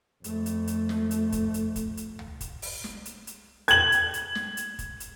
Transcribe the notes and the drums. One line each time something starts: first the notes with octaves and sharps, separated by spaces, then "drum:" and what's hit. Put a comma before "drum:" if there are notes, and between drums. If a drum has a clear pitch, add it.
F2 A3, drum: hi-hat
drum: hi-hat
drum: hi-hat
drum: snare
drum: hi-hat
drum: kick, hi-hat
drum: hi-hat
drum: kick, hi-hat
drum: hi-hat
drum: tom C#2
drum: kick, hi-hat
drum: open hi-hat
drum: snare
drum: hi-hat
drum: hi-hat
G#6 F#7, drum: hi-hat
drum: hi-hat
drum: hi-hat
drum: snare
drum: hi-hat
drum: kick, hi-hat
drum: hi-hat